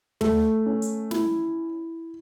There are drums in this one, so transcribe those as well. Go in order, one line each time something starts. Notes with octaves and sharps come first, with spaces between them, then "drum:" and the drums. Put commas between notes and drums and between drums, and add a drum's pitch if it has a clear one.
A3, drum: tom
C#4
drum: hi-hat
E4, drum: snare